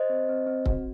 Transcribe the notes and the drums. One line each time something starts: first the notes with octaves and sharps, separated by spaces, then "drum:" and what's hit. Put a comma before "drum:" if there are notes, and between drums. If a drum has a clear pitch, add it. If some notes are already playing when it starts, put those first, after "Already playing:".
Already playing: C5 D#5
C4
C4
C4
F#4, drum: kick C#1